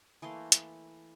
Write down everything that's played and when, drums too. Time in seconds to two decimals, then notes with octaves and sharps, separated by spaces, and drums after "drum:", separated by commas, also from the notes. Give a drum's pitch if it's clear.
0.22 E3 A3 A#3 C6
0.52 drum: hi-hat